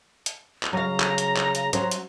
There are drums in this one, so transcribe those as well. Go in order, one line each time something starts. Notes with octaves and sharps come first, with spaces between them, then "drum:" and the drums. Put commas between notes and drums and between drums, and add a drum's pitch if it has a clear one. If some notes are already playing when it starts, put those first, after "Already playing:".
drum: hi-hat
drum: clap
C#3 F#3 F5 A#5
drum: clap
drum: hi-hat
drum: clap
drum: hi-hat
F#3 C#4 C5, drum: hi-hat
drum: hi-hat